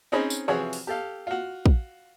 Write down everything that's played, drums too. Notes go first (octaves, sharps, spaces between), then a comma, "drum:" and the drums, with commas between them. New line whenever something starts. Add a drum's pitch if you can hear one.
C4 C#4 D#4 G#4 D#5 B5
drum: tambourine
C3 E3 F3 F#4 G#4 C#5
drum: open hi-hat
G4 A4 F5
F4 F#4
drum: kick